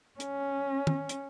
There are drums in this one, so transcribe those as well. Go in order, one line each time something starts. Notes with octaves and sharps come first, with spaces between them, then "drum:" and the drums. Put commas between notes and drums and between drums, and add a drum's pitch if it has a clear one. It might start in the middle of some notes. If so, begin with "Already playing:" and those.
C#4, drum: hi-hat
drum: tom
drum: hi-hat